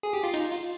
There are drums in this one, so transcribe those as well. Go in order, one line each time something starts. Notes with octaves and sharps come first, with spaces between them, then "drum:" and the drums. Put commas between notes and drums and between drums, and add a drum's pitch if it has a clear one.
G#4
G4
F4
D#4, drum: cymbal
F4